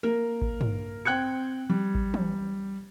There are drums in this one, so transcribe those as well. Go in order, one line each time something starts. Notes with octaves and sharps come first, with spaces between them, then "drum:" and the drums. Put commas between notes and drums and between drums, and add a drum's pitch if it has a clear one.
A#3 A#4
drum: kick A1
drum: tom
C4 G5 F#6 G#6 C#7
G3
drum: kick A1
drum: tom E3